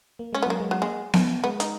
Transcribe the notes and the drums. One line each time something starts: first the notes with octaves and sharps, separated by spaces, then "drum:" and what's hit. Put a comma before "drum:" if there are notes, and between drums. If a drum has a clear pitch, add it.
A#3
G#3 C#4
B3
F#3 A#3
G#3
F#3
G#3 A#3
drum: snare B3
G#3 B3
D#4, drum: hi-hat